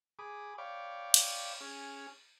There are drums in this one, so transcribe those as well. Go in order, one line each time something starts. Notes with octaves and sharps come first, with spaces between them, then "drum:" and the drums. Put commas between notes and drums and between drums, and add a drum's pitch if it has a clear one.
G#4 B5 D6 D#6
C#5 D5 F5 G5 B5 D6
drum: cymbal
C#4 G#4 F6